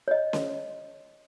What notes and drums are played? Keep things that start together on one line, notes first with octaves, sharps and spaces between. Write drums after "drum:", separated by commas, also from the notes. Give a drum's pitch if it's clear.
C#5 D#5
drum: snare C#4